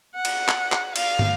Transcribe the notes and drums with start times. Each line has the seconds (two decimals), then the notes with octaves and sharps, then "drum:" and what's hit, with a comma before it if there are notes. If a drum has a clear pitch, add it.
0.15 F#5
0.25 drum: cymbal
0.48 drum: clap
0.72 drum: clap
0.96 F5, drum: cymbal
1.19 drum: tom